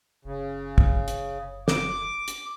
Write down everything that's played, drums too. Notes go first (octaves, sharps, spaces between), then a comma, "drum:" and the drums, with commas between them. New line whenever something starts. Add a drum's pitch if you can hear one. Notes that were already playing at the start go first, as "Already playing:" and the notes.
F#1 C#3
drum: kick
drum: hi-hat
D6, drum: snare
drum: hi-hat